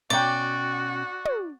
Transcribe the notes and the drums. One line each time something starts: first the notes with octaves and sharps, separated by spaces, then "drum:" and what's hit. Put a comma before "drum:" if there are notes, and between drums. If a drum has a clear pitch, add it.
B2 C#4 F#4 D5 G5 A#5 D6
drum: tom